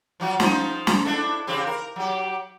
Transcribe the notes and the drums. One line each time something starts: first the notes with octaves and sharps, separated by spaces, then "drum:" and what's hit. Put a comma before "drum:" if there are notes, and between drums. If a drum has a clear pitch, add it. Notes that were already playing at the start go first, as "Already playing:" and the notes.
F3 F#3 F#4
F3 D#4 C5, drum: snare
drum: snare
D4 E4 A4
C#3 C4 G4
A#4
F#3 G4